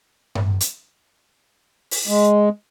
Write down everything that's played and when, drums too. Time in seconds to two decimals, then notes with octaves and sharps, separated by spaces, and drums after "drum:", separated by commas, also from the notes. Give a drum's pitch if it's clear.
0.35 drum: tom G2
0.60 drum: hi-hat
1.91 drum: open hi-hat
2.07 G#3